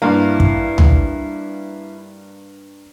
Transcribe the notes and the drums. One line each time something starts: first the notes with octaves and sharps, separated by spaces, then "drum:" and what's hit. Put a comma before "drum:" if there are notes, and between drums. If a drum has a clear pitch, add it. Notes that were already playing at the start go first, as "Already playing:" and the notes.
G2 A#3 E4 F5
drum: kick
drum: tom B1